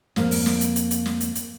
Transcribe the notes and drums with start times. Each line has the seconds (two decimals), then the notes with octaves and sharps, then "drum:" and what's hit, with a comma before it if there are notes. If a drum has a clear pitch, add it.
0.16 F2 A#3, drum: snare
0.31 drum: open hi-hat
0.46 drum: snare
0.61 drum: hi-hat
0.76 drum: hi-hat
0.91 drum: hi-hat
1.06 drum: snare
1.20 drum: hi-hat
1.35 drum: hi-hat